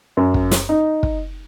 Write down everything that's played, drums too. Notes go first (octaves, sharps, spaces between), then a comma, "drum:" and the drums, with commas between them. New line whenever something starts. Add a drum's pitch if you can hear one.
F#2
drum: kick
drum: snare
D#4
drum: kick